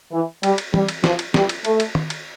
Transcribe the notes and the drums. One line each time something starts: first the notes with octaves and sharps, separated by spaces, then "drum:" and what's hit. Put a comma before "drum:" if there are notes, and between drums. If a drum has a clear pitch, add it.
E3
G3, drum: cymbal
drum: cymbal
G3, drum: tom
drum: cymbal
F3, drum: snare
drum: cymbal
G3, drum: snare
drum: cymbal
A3, drum: cymbal
drum: cymbal
drum: tom
drum: cymbal